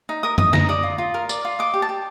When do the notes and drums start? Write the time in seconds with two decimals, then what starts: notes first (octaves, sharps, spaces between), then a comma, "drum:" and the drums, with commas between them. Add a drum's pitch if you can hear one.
0.09 D#4
0.23 A#4 D#6
0.38 D#5 D#6, drum: tom F#2
0.53 D#4 A#5, drum: snare
0.69 D5 D#6
0.83 F4
0.98 F4
1.14 A#4
1.29 D5, drum: tambourine
1.45 F4
1.59 D#5 D6
1.74 G4
1.82 A5
1.89 G4